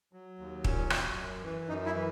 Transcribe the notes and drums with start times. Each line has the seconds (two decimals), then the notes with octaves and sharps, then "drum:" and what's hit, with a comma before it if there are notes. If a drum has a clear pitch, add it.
0.13 F#3
0.39 D#2
0.64 A#2 C#4, drum: kick
0.90 F#3, drum: rim click
1.17 F#2
1.43 E3
1.68 F#2 D#4
1.86 E4
1.95 E3